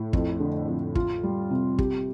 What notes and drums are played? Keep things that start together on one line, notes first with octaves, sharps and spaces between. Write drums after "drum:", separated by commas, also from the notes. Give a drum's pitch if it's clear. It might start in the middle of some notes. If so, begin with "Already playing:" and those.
Already playing: A2
F2, drum: kick
D3
F2
F4, drum: kick
G3
C3
G4, drum: kick